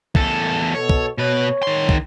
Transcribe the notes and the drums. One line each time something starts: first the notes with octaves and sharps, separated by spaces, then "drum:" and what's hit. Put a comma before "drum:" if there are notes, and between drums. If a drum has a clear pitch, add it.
E2 A4, drum: kick
B2 A4 C#5
drum: kick
B2 B4 C#5
D#3 C6
drum: kick